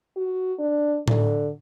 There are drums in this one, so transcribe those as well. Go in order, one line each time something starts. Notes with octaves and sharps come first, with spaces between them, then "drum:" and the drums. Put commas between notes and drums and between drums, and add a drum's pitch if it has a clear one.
F#4
D4
D3, drum: tom A2